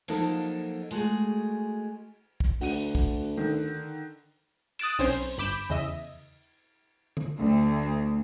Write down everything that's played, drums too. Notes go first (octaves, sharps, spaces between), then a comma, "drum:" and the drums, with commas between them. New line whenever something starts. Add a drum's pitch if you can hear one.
F3 F#3 A#3 D#4 A4, drum: cymbal
G#3 A3 F#4 G#4, drum: hi-hat
drum: kick
D2 F#4 D#7, drum: open hi-hat
drum: kick
D3 D#3
D#6 F#6 A6 D7 E7, drum: cymbal
B1 C4 C#4 C5, drum: open hi-hat
G1 B5 D6 G6 E7
E2 C#3 D#5 E5
drum: tom D3
D2